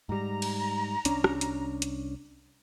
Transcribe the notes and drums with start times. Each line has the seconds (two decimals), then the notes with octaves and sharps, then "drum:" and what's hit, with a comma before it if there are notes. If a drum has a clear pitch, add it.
0.09 G#2 G3 A#5
0.42 drum: cymbal
1.05 C2 C#4 D4, drum: hi-hat
1.24 drum: rim click
1.41 drum: hi-hat
1.82 drum: hi-hat